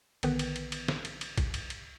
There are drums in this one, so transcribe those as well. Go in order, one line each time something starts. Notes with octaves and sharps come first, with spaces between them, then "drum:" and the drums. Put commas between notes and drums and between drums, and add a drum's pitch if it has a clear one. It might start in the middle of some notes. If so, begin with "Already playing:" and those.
A#1 D3 D#3 B3 B4, drum: cymbal
drum: cymbal
drum: cymbal
drum: cymbal
drum: snare
drum: cymbal
drum: cymbal
drum: kick, cymbal
drum: cymbal
drum: cymbal